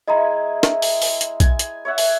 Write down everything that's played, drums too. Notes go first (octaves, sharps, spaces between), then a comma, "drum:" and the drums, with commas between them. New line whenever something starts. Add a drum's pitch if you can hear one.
G#3 E4 G#4 D#5 A#5
drum: snare
drum: open hi-hat
drum: open hi-hat
drum: hi-hat
G#5, drum: kick, hi-hat
drum: hi-hat
C#5 E5 F#5
drum: open hi-hat